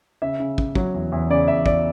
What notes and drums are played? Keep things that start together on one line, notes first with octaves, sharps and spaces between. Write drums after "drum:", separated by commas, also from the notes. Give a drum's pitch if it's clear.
C#3 E5
C#3
C#3, drum: kick
F#3, drum: kick
E2
E2
C#3 D5
E2 E5
E2 D5, drum: kick